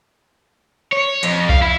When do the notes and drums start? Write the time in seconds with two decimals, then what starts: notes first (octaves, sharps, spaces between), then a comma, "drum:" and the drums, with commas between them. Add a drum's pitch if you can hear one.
0.92 C#5
1.23 F2, drum: hi-hat
1.49 F5, drum: kick B1
1.62 E4